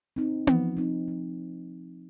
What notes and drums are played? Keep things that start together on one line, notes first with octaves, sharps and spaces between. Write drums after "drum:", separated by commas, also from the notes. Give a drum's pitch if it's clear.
C4 D#4
F3, drum: tom B3
C4 D#4
F3